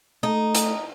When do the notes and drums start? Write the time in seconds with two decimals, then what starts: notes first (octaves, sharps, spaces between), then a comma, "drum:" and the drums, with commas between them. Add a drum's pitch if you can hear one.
0.23 A3 D#4
0.55 drum: hi-hat